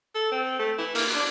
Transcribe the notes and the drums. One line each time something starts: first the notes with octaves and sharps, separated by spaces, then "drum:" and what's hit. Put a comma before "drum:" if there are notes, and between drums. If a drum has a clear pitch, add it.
A4
C4
A3
E4
A#3, drum: open hi-hat
D4